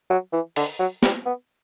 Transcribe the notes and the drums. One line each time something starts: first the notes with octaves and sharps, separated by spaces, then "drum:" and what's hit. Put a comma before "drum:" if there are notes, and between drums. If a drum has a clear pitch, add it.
F#3
E3
D3, drum: open hi-hat
F#3
G3, drum: snare
B3